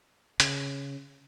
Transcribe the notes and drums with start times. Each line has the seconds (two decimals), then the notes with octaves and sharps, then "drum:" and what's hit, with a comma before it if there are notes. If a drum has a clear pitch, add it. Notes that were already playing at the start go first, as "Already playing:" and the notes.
0.40 C#3, drum: hi-hat